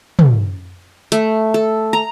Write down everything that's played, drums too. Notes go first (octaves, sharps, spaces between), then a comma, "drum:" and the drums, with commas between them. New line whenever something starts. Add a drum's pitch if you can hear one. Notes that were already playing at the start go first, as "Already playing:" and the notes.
drum: tom
A3, drum: hi-hat
A4
A#5